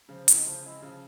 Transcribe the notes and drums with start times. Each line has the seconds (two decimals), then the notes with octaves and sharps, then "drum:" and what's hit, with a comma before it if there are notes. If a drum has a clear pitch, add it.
0.09 C#3 F3
0.28 G#3 C4 E4, drum: hi-hat
0.46 C#3 F3
0.64 G#3 C4 E4
0.82 C#3 F3